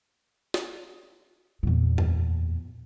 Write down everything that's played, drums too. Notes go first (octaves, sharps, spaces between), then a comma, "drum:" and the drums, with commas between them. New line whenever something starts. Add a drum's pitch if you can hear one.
drum: snare
E2 A#2
drum: tom F#2